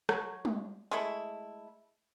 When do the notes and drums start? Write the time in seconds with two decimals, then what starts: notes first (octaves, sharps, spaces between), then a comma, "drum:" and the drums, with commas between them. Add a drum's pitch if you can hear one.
0.09 F#3, drum: rim click
0.45 drum: tom G3
0.91 G#3 A3 E4